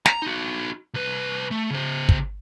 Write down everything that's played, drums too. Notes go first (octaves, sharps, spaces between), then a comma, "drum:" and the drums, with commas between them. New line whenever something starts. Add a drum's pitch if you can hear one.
A#5, drum: snare
D#4 F#4
C2 B4
A3
C#3 C5
drum: kick